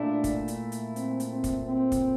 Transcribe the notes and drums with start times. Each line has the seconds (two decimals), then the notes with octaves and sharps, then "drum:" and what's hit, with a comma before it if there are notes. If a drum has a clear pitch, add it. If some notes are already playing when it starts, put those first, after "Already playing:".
Already playing: A#2 A3 D4 E4
0.24 drum: kick, hi-hat
0.48 drum: hi-hat
0.72 drum: hi-hat
0.96 C4, drum: hi-hat
1.20 drum: hi-hat
1.32 C4
1.44 drum: kick, hi-hat
1.68 C4
1.92 drum: kick, hi-hat